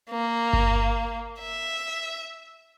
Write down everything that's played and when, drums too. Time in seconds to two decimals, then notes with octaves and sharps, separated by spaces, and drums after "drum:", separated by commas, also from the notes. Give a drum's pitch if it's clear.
0.10 A#3
0.53 drum: kick G1
1.41 E5